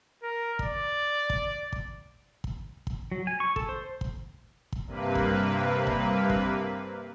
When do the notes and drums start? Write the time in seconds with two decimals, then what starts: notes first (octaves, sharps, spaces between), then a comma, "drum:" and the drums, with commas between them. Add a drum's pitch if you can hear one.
0.23 A#4
0.59 D5, drum: kick
1.30 drum: kick
1.72 drum: kick
2.44 drum: kick
2.87 drum: kick
3.12 F#3
3.27 G#5
3.40 C#6
3.56 A4, drum: kick
3.69 C5
4.01 drum: kick
4.72 drum: kick
4.87 G2 C3 A#3 B4
5.15 drum: kick
5.87 drum: kick
6.30 drum: kick